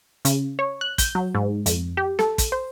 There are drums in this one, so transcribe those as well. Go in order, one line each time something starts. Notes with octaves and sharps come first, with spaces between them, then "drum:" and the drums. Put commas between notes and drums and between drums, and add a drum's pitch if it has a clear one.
C#3, drum: hi-hat
C#5
F#6
G6, drum: kick, hi-hat
F#3
G#2
F2, drum: hi-hat
G4
A4, drum: snare
drum: kick, hi-hat
C5